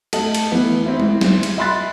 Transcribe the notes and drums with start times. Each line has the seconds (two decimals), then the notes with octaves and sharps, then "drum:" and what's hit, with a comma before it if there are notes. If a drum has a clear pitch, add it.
0.13 A3 D#5 A5 F#7, drum: cymbal
0.35 drum: cymbal
0.52 E3 A3 B3
0.86 C4 E4
1.00 drum: tom G#3
1.21 drum: snare
1.43 drum: cymbal
1.57 D#5 E5 B5 C6 F#6 A6